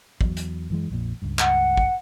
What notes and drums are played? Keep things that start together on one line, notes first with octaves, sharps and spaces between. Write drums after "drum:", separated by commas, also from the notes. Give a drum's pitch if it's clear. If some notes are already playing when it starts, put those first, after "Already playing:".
E2 F#3, drum: kick
drum: hi-hat
F#2 E3 G#3
A#1 F2 A#2
C#2 G2
F#5, drum: clap
drum: kick